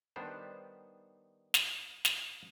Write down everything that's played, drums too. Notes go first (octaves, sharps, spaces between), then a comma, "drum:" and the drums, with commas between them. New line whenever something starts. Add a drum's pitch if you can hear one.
D#3 G3 B3 D4 C5
drum: snare
drum: snare